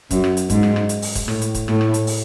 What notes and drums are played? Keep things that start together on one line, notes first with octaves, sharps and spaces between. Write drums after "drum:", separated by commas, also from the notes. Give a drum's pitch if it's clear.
F#2, drum: kick, hi-hat
drum: rim click
drum: hi-hat
G#2, drum: kick, hi-hat
drum: rim click
drum: rim click
drum: hi-hat
drum: open hi-hat
drum: kick, hi-hat
A2, drum: rim click
drum: hi-hat
drum: kick, hi-hat
A2, drum: rim click
drum: rim click
drum: hi-hat
drum: open hi-hat